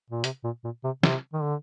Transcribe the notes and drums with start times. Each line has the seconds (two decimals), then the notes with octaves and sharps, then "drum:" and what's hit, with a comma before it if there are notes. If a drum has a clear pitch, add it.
0.10 A#2
0.24 C3, drum: hi-hat
0.44 A#2
0.64 A#2
0.84 C3
1.03 C3, drum: snare
1.33 D#3
1.43 D3